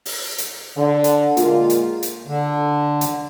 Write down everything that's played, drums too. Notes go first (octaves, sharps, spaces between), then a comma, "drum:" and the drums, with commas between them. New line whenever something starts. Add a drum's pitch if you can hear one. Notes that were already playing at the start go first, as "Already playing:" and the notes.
drum: open hi-hat
drum: hi-hat
D3
drum: hi-hat
A#2 G#3 A#3 F4, drum: hi-hat
drum: hi-hat
drum: hi-hat
D3
drum: hi-hat